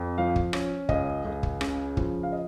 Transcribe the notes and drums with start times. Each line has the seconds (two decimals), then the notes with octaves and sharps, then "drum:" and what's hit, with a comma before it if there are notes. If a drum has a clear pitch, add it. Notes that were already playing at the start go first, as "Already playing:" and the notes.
Already playing: F2
0.18 F3 F5
0.36 drum: kick
0.53 C#4, drum: rim click
0.89 C#2 D#5, drum: kick
1.25 C#2
1.43 drum: kick
1.61 C#3, drum: rim click
1.97 F3, drum: kick
2.23 F5
2.32 D#5